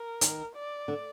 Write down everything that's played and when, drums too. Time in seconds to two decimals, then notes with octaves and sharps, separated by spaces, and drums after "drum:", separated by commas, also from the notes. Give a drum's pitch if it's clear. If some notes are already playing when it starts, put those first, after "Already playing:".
Already playing: A#4
0.21 D#3, drum: hi-hat
0.55 D5
0.88 D3